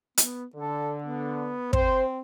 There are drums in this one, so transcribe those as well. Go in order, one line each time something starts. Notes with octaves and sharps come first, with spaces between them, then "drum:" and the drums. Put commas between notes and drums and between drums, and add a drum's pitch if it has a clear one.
B3, drum: hi-hat
D3 A4
B3
C4 C5, drum: kick